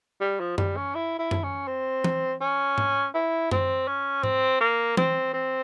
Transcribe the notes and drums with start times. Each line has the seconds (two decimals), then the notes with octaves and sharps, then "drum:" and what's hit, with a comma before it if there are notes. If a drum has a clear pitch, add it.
0.21 G3
0.40 F3
0.58 G3, drum: tom F#2
0.77 C#4
0.95 E4
1.19 E4
1.31 drum: tom F#2
1.44 C#4
1.68 C4
2.04 drum: tom E3
2.41 C#4
2.78 drum: tom G#2
3.15 E4
3.51 C4, drum: tom F#2
3.88 C#4
4.23 C4, drum: tom G#2
4.60 A#3
4.97 C4, drum: tom E3
5.34 C4